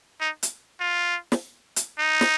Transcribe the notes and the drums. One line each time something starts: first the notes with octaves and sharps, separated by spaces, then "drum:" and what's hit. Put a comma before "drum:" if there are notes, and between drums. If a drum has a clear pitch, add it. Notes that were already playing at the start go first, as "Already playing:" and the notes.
D#4
drum: hi-hat
F4
drum: snare
drum: hi-hat
D#4
drum: snare